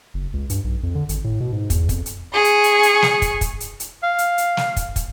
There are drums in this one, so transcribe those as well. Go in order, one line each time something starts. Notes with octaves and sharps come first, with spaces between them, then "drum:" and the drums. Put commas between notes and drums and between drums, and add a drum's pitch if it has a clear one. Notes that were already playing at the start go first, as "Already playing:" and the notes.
F#1
C#2
G2, drum: hi-hat
B1
F2
D3
G#1, drum: hi-hat
A2
B2
G#2
E2, drum: kick, hi-hat
F2, drum: kick, hi-hat
drum: hi-hat
G#4 C#6
drum: hi-hat
drum: hi-hat
drum: hi-hat
drum: snare
drum: kick, hi-hat
drum: kick, hi-hat
drum: hi-hat
drum: hi-hat
F5
drum: hi-hat
drum: hi-hat
drum: snare
drum: kick, hi-hat
drum: kick, hi-hat